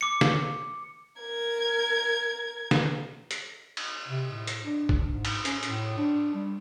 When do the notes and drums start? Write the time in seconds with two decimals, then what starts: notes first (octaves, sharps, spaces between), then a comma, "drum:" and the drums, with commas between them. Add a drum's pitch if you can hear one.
0.01 D6 C#7
0.21 drum: snare
1.21 A#4 G#6
2.71 drum: snare
3.31 drum: hi-hat
3.77 drum: cymbal
4.08 C3
4.31 A2
4.47 drum: hi-hat
4.65 D4
4.89 drum: kick
5.06 G#2
5.25 drum: cymbal
5.45 C#4, drum: hi-hat
5.63 A2, drum: hi-hat
5.97 D4
6.34 G3